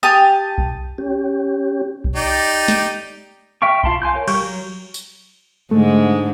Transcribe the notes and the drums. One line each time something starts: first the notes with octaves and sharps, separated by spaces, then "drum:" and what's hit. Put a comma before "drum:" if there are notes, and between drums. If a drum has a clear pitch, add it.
G4 G#5 A5 D#6
drum: kick B1
C#4 G4
drum: kick B1
D#4 G4 D5
drum: snare
E5 F5 G5 C#6
F4 F5 A5 B5 C6, drum: kick B1
F5 G#5 C6 G6
A#4 C#5 F5
G3 A#4 C#6 G6, drum: cymbal
F#3
drum: tambourine
G#2 D3 G#3 A3